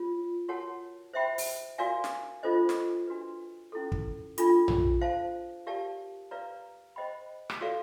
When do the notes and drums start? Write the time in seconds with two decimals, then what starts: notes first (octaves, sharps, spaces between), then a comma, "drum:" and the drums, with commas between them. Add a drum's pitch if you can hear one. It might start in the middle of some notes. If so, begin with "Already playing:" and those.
Already playing: F4 C#5
0.49 F#4 A#4 C#5 F#5 A5
1.13 C5 E5 G5 B5
1.38 drum: open hi-hat
1.78 F#4 A#4 D5 F5 G#5
2.04 drum: snare
2.43 D4 F4 A4 C5 D#5
2.69 drum: snare
3.07 D4 F#4 B4
3.72 C#4 E4 A4
3.92 drum: kick
4.38 D4 F4 A4, drum: hi-hat
4.68 drum: tom A#1
5.01 C5 F5 A5
5.67 G4 A#4 D5 F5 A5
6.31 B4 D5 F5 A#5
6.96 C5 D#5 G5 B5
7.50 drum: rim click
7.61 F#4 A4 D5 F5